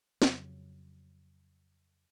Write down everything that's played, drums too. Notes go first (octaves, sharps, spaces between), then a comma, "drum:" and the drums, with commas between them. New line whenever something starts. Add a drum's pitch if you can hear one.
F2 C#3 F#3, drum: snare